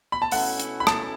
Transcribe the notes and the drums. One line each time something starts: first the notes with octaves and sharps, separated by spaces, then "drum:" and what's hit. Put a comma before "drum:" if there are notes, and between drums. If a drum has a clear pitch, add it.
B5
A5
B2 A3 C#4 E4 F#5, drum: open hi-hat
drum: hi-hat
B5
A5, drum: rim click